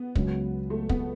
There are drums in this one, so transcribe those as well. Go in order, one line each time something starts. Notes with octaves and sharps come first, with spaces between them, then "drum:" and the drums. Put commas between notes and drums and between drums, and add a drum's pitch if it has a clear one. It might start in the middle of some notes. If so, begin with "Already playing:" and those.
Already playing: B3
C#2 C#3 F#3, drum: kick
A3
B3, drum: kick